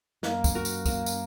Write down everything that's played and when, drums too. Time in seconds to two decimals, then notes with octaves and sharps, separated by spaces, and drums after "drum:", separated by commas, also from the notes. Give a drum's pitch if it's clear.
0.23 F#2 A#3, drum: snare
0.44 drum: kick, tambourine
0.55 F#4 A#4
0.65 drum: tambourine
0.85 A#3, drum: kick, tambourine
1.06 drum: tambourine